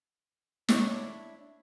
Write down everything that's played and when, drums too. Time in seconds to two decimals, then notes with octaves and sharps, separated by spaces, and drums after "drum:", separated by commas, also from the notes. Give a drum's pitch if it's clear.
0.69 D4 E4 C#5, drum: snare